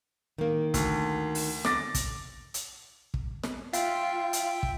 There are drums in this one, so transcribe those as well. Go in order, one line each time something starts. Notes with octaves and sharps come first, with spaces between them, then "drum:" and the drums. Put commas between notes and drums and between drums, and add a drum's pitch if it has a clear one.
D#3 A#3
D2, drum: kick, hi-hat
drum: open hi-hat
D6 A6 A#6, drum: snare
drum: kick, hi-hat
drum: hi-hat
drum: kick
drum: snare
F4 E5 F5 G5, drum: hi-hat
drum: hi-hat
drum: kick